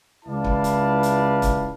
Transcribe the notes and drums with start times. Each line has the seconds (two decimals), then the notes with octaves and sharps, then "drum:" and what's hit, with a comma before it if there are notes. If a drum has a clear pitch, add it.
0.25 C#2 E4 B4 D5 F5 A5
0.44 drum: kick
0.64 drum: hi-hat
1.03 drum: hi-hat
1.42 drum: kick, hi-hat